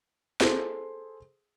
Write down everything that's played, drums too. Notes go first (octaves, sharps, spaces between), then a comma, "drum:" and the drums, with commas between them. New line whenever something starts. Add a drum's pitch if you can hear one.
G#4 A4 C5 C6, drum: snare